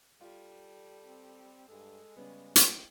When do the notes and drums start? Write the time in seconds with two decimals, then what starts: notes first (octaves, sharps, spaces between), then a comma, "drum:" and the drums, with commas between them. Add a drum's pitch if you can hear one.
0.21 G3 F4 A4
1.04 C4
1.69 G2 G#3 A4
2.17 C#3 G3 B3 C#4
2.56 drum: hi-hat